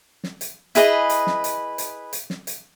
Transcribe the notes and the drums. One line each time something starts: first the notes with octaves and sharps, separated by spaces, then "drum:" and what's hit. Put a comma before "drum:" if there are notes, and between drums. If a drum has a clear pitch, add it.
drum: snare
drum: hi-hat
E4 G#4 B4 D#5, drum: hi-hat
drum: hi-hat
drum: snare
drum: hi-hat
drum: hi-hat
drum: hi-hat
drum: snare
drum: hi-hat